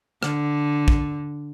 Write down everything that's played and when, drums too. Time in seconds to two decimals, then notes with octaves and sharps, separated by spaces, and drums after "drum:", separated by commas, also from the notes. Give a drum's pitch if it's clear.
0.23 D3, drum: rim click
0.88 drum: kick